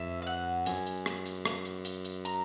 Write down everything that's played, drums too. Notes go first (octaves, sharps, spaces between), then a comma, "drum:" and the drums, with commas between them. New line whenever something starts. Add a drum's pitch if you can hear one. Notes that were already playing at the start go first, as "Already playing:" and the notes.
Already playing: F2 E5
F5
F#5
F#2 G#5, drum: hi-hat
drum: hi-hat
drum: rim click
drum: hi-hat
drum: rim click
drum: hi-hat
drum: hi-hat
drum: hi-hat
A#5, drum: hi-hat